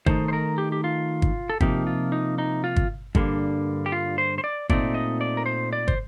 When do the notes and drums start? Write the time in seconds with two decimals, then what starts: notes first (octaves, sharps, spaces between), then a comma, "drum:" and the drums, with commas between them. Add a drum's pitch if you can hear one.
0.06 D#3 A3 D#4 C5, drum: kick
0.28 C5
0.33 A#4
0.58 G4
0.72 G4
0.84 F4
1.22 drum: kick
1.49 A4
1.61 C3 F3 A#3 D#4 G4, drum: kick
1.87 F4
2.12 D#4
2.38 D#4
2.64 F4
2.76 drum: kick
3.15 G2 D3 G3 A#3, drum: kick
3.86 G4
3.92 F4
4.18 C5
4.38 C5
4.44 D5
4.69 A#2 A3 C4 D#4 D5, drum: kick
4.94 D#5
5.21 D5
5.37 A#4
5.46 C5
5.73 D5
5.88 C5, drum: kick